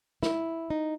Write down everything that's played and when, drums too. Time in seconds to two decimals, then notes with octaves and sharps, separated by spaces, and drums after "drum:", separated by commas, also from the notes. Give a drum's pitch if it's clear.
0.23 E4, drum: snare
0.70 D#4